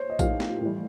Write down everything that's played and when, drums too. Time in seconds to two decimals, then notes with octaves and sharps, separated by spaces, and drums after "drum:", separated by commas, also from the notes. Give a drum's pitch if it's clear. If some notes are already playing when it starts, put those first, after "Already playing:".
Already playing: C5 C#5
0.10 D#5
0.19 A2 F3 A#3 D#4 G4 F5, drum: kick A#1, tambourine
0.40 drum: snare
0.61 A2 E3 G3